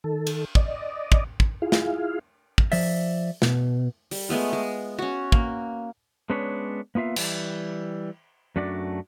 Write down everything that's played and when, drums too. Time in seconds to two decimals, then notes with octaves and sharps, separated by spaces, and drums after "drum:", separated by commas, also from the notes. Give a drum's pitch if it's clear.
0.04 D#3 A4
0.27 drum: cymbal
0.55 D5 D#5, drum: kick
1.12 drum: kick
1.40 drum: kick
1.62 E4 F4 G#4 F5
1.72 drum: snare
2.58 drum: kick
2.72 F3 D5 E5, drum: open hi-hat
3.42 B2, drum: snare
4.11 G3, drum: open hi-hat
4.29 G#3 A3 B3 F4
4.53 G#3
4.98 C#4 F#4
5.32 A#3, drum: kick
6.30 G#3 B3 C#4 D4 B4 C#5
6.95 A#3 B3 F4 E5 F5
7.16 E3 G3, drum: cymbal
8.56 F#2 A3 D4 F#4 D5